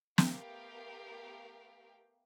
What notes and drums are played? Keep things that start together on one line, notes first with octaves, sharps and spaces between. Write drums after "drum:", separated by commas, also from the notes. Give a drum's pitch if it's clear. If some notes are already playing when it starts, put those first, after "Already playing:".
A3 B3 G4 A#4 F5 G5, drum: snare